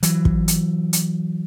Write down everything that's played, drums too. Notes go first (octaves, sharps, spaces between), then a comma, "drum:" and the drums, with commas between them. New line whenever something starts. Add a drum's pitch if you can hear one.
E3 F#3, drum: hi-hat
drum: kick
drum: hi-hat
drum: hi-hat